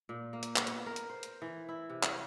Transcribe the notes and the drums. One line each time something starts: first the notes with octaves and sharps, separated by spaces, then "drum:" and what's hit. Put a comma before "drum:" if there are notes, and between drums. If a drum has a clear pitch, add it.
A#2
A#3
drum: hi-hat
drum: clap
B3, drum: hi-hat
A#4
drum: hi-hat
C5
drum: hi-hat
E3
E4
C3
drum: clap